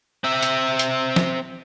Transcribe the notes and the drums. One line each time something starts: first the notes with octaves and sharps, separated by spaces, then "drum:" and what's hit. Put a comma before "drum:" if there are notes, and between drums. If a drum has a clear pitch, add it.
C4 E5
drum: hi-hat
drum: hi-hat
drum: snare